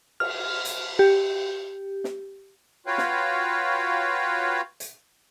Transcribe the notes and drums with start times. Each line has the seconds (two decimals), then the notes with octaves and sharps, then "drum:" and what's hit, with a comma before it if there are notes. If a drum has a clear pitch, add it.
0.20 F6, drum: cymbal
0.65 drum: hi-hat
0.99 G4
2.04 drum: snare
2.87 F4 F#4 B4 C#5 F5 G5
2.98 drum: snare
4.80 drum: hi-hat